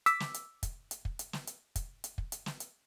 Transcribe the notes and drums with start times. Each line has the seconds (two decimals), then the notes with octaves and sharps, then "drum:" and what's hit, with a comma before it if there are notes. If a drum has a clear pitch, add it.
0.06 D6 E6 B6, drum: hi-hat
0.20 drum: snare
0.34 drum: hi-hat
0.63 drum: kick, hi-hat
0.91 drum: hi-hat
1.05 drum: kick
1.19 drum: hi-hat
1.33 drum: snare
1.47 drum: hi-hat
1.76 drum: kick, hi-hat
2.04 drum: hi-hat
2.18 drum: kick
2.32 drum: hi-hat
2.46 drum: snare
2.60 drum: hi-hat